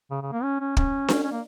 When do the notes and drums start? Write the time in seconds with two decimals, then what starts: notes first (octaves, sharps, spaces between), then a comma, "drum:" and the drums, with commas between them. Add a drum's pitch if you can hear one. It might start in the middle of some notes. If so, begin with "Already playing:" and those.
0.11 C#3
0.22 C#3
0.32 A#3
0.43 C#4
0.60 C#4
0.77 C#4, drum: kick
1.08 drum: snare D4
1.23 C#4
1.32 A#3